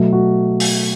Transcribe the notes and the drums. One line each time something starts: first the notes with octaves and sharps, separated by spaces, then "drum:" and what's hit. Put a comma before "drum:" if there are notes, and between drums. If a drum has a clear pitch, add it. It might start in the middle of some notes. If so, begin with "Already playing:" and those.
Already playing: B2 F#3 A3
F#4
drum: open hi-hat